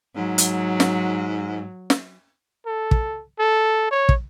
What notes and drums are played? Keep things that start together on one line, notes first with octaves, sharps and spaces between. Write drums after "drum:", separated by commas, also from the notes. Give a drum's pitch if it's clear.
G#2 F#3
drum: hi-hat
drum: snare
drum: snare
A4
drum: kick
A4
C#5
drum: kick